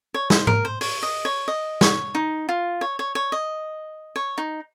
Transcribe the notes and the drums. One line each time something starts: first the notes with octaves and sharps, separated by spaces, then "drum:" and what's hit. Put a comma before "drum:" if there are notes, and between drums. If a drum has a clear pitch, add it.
C#5
C5, drum: snare
A#4, drum: tom G#2
C5
C#5, drum: open hi-hat
D#5
C#5
D#5
C#5, drum: snare
D#4
F4
C#5
C#5
C#5
D#5
C#5
D#4